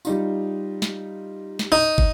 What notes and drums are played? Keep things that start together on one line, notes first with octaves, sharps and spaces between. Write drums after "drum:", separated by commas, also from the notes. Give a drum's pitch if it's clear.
G3 D#4 F4, drum: tambourine
drum: snare
drum: snare
D#4
drum: kick